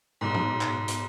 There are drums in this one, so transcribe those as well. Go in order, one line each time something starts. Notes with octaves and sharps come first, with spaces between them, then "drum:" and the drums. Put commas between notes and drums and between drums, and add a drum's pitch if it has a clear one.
B1 G#2
drum: tom
drum: clap
drum: hi-hat